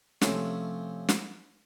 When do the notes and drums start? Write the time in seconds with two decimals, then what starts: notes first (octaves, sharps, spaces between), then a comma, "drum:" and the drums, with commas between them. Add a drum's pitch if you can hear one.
0.22 C3 F3 A3 C#4, drum: snare
1.09 drum: snare